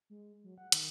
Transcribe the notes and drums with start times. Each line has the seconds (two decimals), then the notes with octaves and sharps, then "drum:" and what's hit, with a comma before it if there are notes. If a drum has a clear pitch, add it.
0.10 G#3
0.44 F#3
0.58 F#5
0.72 D#3, drum: hi-hat